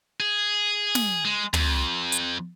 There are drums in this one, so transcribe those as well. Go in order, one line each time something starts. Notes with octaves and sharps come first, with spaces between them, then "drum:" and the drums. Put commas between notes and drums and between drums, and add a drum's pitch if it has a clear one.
G#4
drum: snare
G#3
F2, drum: tom
drum: hi-hat